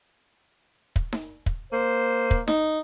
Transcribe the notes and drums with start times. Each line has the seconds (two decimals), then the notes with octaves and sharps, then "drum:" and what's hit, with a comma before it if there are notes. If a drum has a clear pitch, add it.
0.96 drum: kick
1.13 drum: snare D#4
1.46 drum: kick
1.72 A#3 C5
2.31 drum: kick
2.48 D#4, drum: snare D#4